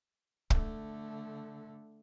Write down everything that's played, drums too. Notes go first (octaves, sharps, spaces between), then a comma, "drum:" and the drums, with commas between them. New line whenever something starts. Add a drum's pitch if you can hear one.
D3 A3, drum: kick